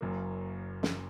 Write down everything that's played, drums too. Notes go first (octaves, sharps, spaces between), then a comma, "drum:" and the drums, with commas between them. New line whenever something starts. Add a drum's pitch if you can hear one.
F#1 F#2 F#3 A#3
drum: snare